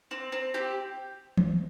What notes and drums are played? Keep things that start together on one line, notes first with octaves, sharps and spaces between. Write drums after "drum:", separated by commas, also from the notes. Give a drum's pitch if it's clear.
C4
C4
G4
drum: tom E3